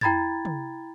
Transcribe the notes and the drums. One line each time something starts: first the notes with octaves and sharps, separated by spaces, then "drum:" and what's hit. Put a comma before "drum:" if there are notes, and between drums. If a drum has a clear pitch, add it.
E4 G5 A#5 B5 G#6 A6, drum: tom
drum: tom